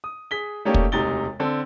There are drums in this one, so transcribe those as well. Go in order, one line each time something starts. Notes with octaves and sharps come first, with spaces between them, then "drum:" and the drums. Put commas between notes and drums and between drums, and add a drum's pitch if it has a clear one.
D#6
G#4 B6 G7
A3 A#3 C#4 D#4 G4 D5
drum: kick
E1 D2 C3 D#4 A6 G7
D3 C4 A4